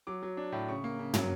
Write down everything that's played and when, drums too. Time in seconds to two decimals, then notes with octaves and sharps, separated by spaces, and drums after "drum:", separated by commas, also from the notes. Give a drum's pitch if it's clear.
0.07 F#3 D6
0.23 F#3
0.37 D4
0.52 A2
0.68 C#3 C#6
0.84 A#3
0.99 C#3
1.14 F#3, drum: tom